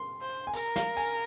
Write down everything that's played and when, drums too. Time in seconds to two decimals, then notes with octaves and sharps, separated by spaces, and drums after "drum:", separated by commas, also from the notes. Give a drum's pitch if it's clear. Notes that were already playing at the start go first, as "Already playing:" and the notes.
Already playing: C6
0.21 C5
0.47 G#5
0.54 A#4 A#5, drum: tambourine
0.76 F5, drum: snare
0.97 G#5, drum: tambourine